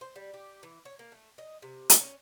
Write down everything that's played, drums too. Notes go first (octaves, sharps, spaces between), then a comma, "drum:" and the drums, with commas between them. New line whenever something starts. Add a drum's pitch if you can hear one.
C5
G3
G4
E3
C#5
A#3
A3
D#5
C3
drum: hi-hat
C#4